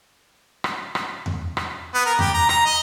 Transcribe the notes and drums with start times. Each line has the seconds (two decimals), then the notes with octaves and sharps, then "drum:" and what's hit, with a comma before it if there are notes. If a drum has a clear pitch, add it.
0.64 drum: rim click
0.95 drum: rim click
1.26 drum: tom E2
1.57 drum: rim click
1.94 B3
2.06 A#4
2.19 G4, drum: tom E2
2.34 A#5
2.49 A#5, drum: rim click
2.65 D#5